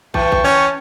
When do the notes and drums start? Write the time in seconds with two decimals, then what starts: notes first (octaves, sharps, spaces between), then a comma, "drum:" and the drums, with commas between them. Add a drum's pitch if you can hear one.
0.14 E3 G5 A5 C#6, drum: kick
0.32 drum: kick
0.44 E3 C#4 C#5